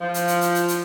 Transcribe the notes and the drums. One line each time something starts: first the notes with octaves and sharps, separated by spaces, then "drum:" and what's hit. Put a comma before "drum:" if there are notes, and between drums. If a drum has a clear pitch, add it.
F3
drum: hi-hat
drum: hi-hat
drum: hi-hat
drum: hi-hat
drum: hi-hat